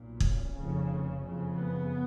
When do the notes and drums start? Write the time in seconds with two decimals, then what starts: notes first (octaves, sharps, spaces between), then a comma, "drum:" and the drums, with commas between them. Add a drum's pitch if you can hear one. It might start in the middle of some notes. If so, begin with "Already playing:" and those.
Already playing: B1 A#2
0.20 C#4, drum: kick
0.53 F1 F2 C#3
1.21 F#1 F2 C#3
1.55 B3